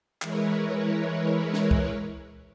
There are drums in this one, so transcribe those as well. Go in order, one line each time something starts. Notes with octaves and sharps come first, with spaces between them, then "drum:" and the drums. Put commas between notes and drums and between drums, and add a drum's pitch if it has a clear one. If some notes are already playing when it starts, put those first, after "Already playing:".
E3 G#3 E4 A#4 B4 C#5, drum: clap
drum: snare
drum: kick